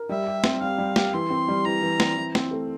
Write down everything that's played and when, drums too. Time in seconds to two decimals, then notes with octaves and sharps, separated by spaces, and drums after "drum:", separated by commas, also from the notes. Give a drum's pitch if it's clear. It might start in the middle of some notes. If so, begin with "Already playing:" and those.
Already playing: A#4
0.09 G3 E5
0.26 G4
0.44 C4, drum: snare
0.61 G3 F5
0.78 G3
0.96 G4, drum: snare
1.14 E3 C6
1.30 C4
1.48 G3
1.65 E3 A#5
1.82 E3
2.00 C4, drum: snare
2.17 E3
2.35 C4, drum: snare
2.51 A3